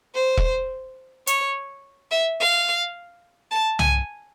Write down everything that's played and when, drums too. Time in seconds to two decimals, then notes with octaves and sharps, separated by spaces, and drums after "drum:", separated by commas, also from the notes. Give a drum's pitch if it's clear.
0.15 C5
0.37 drum: kick E1
1.27 C#5, drum: hi-hat
2.11 E5
2.40 F5
3.51 A5
3.79 G#5, drum: tom C2